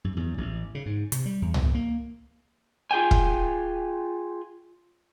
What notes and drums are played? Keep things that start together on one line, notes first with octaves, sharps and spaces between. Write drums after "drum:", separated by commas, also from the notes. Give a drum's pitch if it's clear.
F#2
E2
A1
C#3
G#2
C3, drum: hi-hat
G3
E2
E2, drum: tom
A#3
F4 G#4 G5 G#5
drum: kick